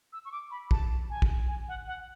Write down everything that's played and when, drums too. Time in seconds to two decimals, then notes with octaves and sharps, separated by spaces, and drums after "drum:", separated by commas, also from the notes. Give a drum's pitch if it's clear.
0.12 E6
0.25 C#6
0.32 D6
0.51 B5
0.71 A5, drum: kick
1.10 G#5
1.22 drum: kick
1.47 G#5
1.68 F#5
1.87 F#5